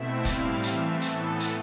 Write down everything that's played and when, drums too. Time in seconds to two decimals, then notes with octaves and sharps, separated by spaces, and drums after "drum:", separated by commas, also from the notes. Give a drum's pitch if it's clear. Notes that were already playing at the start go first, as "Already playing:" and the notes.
Already playing: B2 A3 C4 E4 E5
0.25 A2 G3 C4 E4 F5, drum: kick F1, hi-hat
0.63 E3 A3 C4 E5, drum: hi-hat
1.01 A2 E3 B3 A4, drum: hi-hat
1.40 drum: hi-hat